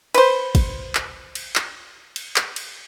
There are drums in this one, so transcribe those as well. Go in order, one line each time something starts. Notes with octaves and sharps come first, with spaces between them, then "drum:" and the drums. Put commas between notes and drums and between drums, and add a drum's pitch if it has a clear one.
B4 C5, drum: cymbal
drum: kick, cymbal
drum: clap
drum: cymbal
drum: clap
drum: cymbal
drum: clap
drum: cymbal